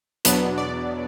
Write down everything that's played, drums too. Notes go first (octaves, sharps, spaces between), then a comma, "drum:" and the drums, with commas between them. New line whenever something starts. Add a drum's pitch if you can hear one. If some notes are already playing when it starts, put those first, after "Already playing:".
E2 B2 F#3 B3 D4 B4, drum: hi-hat
D5